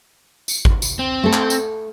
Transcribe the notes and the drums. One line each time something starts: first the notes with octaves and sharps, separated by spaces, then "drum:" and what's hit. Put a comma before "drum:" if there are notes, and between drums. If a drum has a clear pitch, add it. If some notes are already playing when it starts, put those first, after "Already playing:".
drum: tambourine
drum: kick G#1
drum: tambourine
C4
A3 A4
drum: clap
drum: tambourine